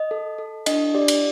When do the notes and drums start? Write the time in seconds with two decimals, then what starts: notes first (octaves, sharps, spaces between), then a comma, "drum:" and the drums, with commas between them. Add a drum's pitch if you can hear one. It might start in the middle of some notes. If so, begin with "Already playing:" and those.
Already playing: D#5
0.11 A4
0.38 A4
0.66 D4 D#5, drum: cymbal
0.94 G4 D5
1.08 drum: cymbal